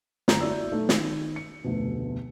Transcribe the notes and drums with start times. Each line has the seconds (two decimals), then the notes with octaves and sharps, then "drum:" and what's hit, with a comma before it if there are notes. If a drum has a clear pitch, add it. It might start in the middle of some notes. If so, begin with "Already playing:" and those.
0.28 F#1 D3 A#5 G6, drum: snare
0.41 E4 F#4 D5 E6
0.72 B1 A3
0.89 D#3, drum: snare
1.36 C#7
1.64 F1 D2 B2